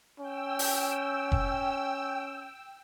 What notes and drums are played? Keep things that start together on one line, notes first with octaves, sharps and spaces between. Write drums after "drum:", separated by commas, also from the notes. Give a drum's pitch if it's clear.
C#4 G5 E6
drum: open hi-hat
drum: kick F1